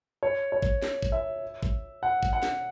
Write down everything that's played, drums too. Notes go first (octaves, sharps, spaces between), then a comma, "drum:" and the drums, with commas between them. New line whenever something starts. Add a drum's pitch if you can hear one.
C#5
C#5
drum: kick
drum: snare
drum: kick
E5
drum: kick
F#5
drum: kick
F#5
drum: snare